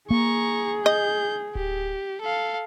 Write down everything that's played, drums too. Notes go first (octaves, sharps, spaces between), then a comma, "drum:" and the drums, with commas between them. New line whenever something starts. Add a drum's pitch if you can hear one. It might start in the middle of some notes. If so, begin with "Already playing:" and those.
A#3 G#4 A#5 C#6
D#5 G6
G4, drum: kick D1
A4 F5